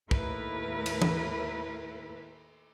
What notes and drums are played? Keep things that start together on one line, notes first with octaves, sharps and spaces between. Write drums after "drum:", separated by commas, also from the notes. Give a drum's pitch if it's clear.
D#2 A2 A3 E4 A#4 B4, drum: kick
drum: cymbal
drum: tom E3